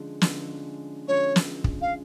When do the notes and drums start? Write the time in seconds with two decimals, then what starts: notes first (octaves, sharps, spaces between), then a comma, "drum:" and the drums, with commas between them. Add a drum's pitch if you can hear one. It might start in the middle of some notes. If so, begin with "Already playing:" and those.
Already playing: D3 F3 G#3 C#4
0.21 D3 F3 G#3 C#4, drum: snare
1.07 D3 F3 G#3 C#4 C#5
1.36 drum: snare
1.64 drum: kick
1.81 F5